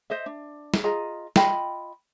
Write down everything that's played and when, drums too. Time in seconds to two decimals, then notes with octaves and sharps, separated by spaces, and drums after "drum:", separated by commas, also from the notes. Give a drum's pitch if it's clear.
0.10 C5 D#5 E5
0.26 D4
0.74 drum: snare
0.84 F4 G#4 D#5 A#5
1.36 F4 D#5 G5 B5, drum: snare